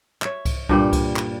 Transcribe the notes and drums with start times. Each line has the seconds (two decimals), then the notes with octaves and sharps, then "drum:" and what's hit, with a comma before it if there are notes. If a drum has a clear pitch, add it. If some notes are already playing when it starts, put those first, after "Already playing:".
0.22 C#5 E5, drum: clap
0.45 drum: kick C2, cymbal
0.69 G2 A#2 G3, drum: kick C2
0.93 drum: kick C2, cymbal
1.16 drum: clap